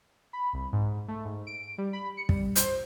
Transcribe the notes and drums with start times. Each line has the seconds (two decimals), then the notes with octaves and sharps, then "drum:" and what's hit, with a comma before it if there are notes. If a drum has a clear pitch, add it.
0.33 B5
0.53 C2
0.73 G#2
1.08 A3
1.25 G#2
1.47 D7
1.78 G3
1.93 B5
2.17 C#7
2.29 G3, drum: kick
2.56 C5, drum: hi-hat